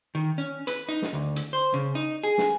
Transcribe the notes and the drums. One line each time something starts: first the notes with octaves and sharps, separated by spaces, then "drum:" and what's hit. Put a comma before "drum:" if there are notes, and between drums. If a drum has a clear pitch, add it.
D#3
C#4
B4, drum: hi-hat
D#4
drum: snare
D2
drum: hi-hat
C5
C#3
D#4
G#4
drum: snare